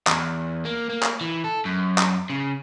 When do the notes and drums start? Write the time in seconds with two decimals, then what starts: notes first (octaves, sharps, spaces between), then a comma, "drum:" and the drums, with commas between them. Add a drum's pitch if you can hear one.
0.07 E2, drum: clap
0.65 A#3
0.89 A#3
1.03 drum: clap
1.21 E3
1.44 A4
1.65 F#2
1.98 drum: clap
2.30 C#3